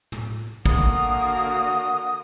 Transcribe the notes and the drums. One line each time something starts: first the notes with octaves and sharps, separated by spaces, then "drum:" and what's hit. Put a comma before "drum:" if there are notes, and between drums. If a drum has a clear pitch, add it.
drum: tom
D3 A#3 F#4 D#6, drum: kick